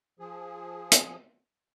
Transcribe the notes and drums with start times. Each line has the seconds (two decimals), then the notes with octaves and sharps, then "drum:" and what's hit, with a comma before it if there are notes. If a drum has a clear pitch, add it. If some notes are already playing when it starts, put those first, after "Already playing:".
0.19 F3 G#4
0.92 drum: hi-hat